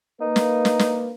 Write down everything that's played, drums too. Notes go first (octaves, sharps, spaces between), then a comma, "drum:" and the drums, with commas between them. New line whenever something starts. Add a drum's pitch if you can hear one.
A#3 D#4 B4
drum: snare
drum: snare
drum: snare